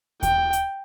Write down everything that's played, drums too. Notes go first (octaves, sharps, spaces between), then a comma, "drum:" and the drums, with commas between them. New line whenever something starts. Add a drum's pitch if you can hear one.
G5, drum: kick D#2, hi-hat
drum: hi-hat